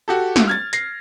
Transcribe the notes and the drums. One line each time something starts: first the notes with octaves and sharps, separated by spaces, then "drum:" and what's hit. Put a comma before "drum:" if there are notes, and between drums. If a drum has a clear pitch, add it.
F#4 G4 A4
drum: snare
F6 G#6 A6
A#6 C7, drum: hi-hat